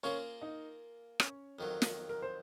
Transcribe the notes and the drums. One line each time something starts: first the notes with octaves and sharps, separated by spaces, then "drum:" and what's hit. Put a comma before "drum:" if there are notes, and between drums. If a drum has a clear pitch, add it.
A#3 C#4 F4 G#4 C5 C#5
D#4 D#5
C#4 C#5, drum: rim click
F2 D#3 F#3
drum: snare
A#4
C5